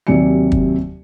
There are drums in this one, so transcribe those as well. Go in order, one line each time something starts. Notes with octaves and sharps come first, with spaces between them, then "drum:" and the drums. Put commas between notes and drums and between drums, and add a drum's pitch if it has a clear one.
D#2 C3 F#3 D5 G#5 C#7
drum: kick